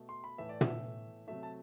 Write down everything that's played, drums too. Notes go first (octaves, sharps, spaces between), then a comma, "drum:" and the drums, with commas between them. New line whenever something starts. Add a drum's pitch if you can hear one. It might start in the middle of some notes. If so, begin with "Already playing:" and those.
Already playing: B2 A3
C6
B5
A2 E3 A3 E5
D5
E5, drum: tom
C3 F#3 A3 E5
A5